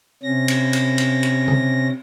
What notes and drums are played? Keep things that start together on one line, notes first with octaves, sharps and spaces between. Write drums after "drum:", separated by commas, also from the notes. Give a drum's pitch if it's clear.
C3 C#4 A#6
drum: cymbal
drum: cymbal
drum: cymbal
drum: cymbal
drum: tom C#3